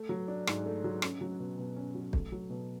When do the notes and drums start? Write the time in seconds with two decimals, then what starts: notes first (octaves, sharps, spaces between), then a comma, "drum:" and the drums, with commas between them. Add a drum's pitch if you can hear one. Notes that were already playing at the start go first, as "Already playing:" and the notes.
Already playing: A3
0.09 F#3
0.28 D4
0.47 G#2, drum: rim click
0.66 A3
0.84 F#3
1.02 C#4, drum: rim click
1.21 F#3
1.39 B2
1.58 B2
1.76 C#4
1.95 F#3
2.13 A3, drum: kick
2.32 F#3
2.50 B2